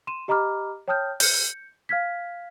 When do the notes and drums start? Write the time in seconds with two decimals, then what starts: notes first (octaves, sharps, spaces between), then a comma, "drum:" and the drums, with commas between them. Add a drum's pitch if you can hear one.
0.07 C6 D#7 E7
0.28 G4 D#5 A#5 B5 D6 F6
0.88 C#5 G5 A5 D#6 F6 G6
1.20 G6 C#7, drum: open hi-hat
1.89 F5 F6 G#6 B6